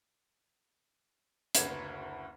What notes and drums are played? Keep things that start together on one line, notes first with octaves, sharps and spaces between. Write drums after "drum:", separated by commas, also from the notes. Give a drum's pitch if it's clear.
F#1 D2 B4 G#6, drum: hi-hat